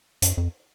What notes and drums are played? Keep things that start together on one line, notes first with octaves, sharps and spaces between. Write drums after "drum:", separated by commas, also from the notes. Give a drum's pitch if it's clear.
F#2, drum: hi-hat
F2